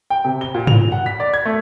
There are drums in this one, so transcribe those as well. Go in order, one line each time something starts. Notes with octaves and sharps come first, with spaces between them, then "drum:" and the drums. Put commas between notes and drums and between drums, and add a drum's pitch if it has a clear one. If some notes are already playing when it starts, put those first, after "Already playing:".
G5
C3
G7
A#2
F7, drum: tom
F#5
B6
D5
G#6
A3